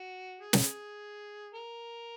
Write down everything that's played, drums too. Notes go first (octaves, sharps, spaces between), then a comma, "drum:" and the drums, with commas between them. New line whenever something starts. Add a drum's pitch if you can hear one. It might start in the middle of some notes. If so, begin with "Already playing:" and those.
Already playing: F#4
G#4
drum: snare
A#4